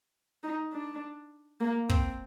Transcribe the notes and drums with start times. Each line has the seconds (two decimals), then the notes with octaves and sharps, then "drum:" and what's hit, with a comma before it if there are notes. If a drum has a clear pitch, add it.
0.43 D#4
0.72 D4
1.61 A#3
1.89 C4, drum: kick